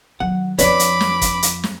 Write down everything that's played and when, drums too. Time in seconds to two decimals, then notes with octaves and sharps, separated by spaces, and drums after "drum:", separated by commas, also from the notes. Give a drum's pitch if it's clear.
0.20 D#3 F#3 F#5
0.59 F2 F3 D4 B4 C#5 B5 D6, drum: hi-hat
0.80 drum: hi-hat
1.01 drum: snare
1.22 drum: kick, hi-hat
1.43 drum: hi-hat
1.64 drum: snare